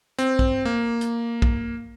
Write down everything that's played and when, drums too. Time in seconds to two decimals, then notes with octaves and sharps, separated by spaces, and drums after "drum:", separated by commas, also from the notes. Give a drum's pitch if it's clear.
0.18 C4, drum: hi-hat
0.39 drum: kick
0.65 A#3
1.01 drum: hi-hat
1.42 drum: kick